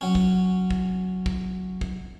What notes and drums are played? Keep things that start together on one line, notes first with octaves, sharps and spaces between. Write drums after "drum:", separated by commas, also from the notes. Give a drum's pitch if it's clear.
F#3 C#4
drum: kick
drum: kick
drum: kick
drum: kick